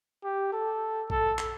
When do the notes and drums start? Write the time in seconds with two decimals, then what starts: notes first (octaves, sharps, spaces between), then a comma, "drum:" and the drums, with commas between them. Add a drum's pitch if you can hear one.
0.24 G4
0.52 A4
1.10 A4, drum: kick
1.38 drum: clap